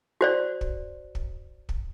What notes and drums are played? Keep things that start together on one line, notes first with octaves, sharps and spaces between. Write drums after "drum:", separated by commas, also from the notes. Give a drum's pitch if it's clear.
F#4 C5 D5
drum: kick
drum: kick
drum: kick